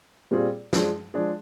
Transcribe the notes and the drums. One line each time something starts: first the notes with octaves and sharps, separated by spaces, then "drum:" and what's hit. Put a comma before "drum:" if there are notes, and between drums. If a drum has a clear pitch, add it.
A#2 G3 C4 F4 G#4
F3 G#3 D4 G#4, drum: snare
F3 G#3 D4 G#4